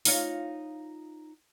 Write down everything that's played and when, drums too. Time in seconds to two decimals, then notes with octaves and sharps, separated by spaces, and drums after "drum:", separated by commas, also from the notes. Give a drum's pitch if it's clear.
0.05 D#4 F4 C#5, drum: open hi-hat